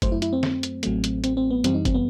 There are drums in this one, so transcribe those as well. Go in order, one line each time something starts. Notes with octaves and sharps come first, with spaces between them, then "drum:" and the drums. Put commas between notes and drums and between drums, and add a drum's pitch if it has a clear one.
F#2 F#3 A3 C5, drum: kick, hi-hat
E4
E4, drum: hi-hat
C4
drum: snare
drum: hi-hat
A1 A2 F#3 A3, drum: hi-hat
drum: hi-hat
C4, drum: hi-hat
C4
B3
F#2 E3 G3 C4, drum: hi-hat
D#4
C4, drum: kick, hi-hat
B3